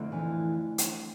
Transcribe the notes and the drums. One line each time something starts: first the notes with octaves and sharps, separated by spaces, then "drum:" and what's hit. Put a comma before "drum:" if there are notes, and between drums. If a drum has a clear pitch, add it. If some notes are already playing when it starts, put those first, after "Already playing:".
Already playing: F2 D3 A3 C4 E4
E3
drum: hi-hat